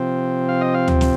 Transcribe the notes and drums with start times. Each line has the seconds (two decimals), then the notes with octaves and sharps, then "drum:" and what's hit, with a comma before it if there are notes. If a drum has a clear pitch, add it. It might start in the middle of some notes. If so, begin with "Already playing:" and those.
Already playing: C3 F3 C4
0.49 F5
0.61 D#5
0.74 F5
0.88 drum: tom D2
1.01 drum: snare